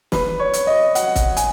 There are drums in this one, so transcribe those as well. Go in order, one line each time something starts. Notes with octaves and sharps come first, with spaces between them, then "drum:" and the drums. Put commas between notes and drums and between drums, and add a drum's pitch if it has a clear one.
B4, drum: snare
C#5
drum: hi-hat
D#5
F#5, drum: hi-hat
drum: kick, hi-hat
G#5, drum: hi-hat